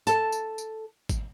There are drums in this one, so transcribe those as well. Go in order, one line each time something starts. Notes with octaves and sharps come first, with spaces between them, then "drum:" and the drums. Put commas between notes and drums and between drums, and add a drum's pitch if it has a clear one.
A4 A5, drum: tambourine
drum: tambourine
drum: tambourine
drum: kick G#1, tambourine